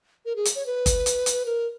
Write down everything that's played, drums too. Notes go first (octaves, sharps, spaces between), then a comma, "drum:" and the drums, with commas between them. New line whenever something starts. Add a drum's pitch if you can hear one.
A#4
G#4
drum: hi-hat
C#5
B4
drum: kick G1, hi-hat
drum: hi-hat
drum: hi-hat
A#4